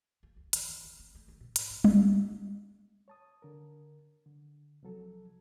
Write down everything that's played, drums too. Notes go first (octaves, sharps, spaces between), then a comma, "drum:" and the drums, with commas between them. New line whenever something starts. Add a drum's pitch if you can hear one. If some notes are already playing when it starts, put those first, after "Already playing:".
A#3
D2
D#3, drum: hi-hat
C#2
D2
C4
A3
D2
B2
G#2, drum: hi-hat
G2
D#2, drum: tom G3
C#5 A5 D#6
D3 A#4
D3
C2 F3 F#3 A4